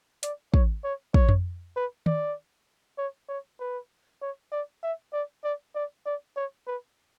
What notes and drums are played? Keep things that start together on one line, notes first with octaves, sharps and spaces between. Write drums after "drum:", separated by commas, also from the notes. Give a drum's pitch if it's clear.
D5, drum: hi-hat
C#5, drum: kick
C#5
C#5, drum: kick
drum: tom F2
B4
D5, drum: tom D#3
C#5
C#5
B4
C#5
D5
E5
D5
D5
D5
D5
C#5
B4